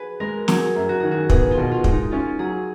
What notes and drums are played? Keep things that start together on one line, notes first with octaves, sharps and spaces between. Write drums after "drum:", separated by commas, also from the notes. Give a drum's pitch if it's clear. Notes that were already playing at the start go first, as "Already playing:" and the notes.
Already playing: F#4 G#4 B4
G#3 A#4
F#3 G#4, drum: snare
F#2
F#4
D#3 G#4
F#4
B3 G#4, drum: kick
F4
B2
F4
G#3, drum: kick
D#4
C#4 F4
F#3 G#4